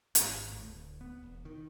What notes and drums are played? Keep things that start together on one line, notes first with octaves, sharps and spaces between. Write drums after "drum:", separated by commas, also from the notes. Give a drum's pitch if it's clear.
G#1, drum: hi-hat
A2
D1
B3
E1
D#3